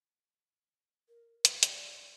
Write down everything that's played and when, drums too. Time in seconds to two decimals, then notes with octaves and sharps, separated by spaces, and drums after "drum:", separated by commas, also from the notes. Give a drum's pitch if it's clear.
1.09 A#4
1.45 B4, drum: hi-hat
1.63 D5, drum: hi-hat